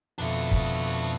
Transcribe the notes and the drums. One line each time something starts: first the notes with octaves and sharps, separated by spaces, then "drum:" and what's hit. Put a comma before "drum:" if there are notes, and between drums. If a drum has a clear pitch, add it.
F2 B2 D4 E5
drum: kick